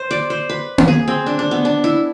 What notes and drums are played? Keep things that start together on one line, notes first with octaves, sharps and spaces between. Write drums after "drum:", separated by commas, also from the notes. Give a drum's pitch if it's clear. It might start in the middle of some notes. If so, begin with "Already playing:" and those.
Already playing: C5
D5
C5
B4
drum: tom A#3
G#4
C4
D4
D4
B3
D4
E4